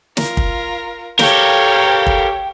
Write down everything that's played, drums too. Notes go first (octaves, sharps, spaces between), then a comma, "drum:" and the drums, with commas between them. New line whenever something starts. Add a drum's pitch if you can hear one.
F4 A#4, drum: snare
drum: kick
G4 A4 A#4 C#5 F5 G5, drum: snare
drum: kick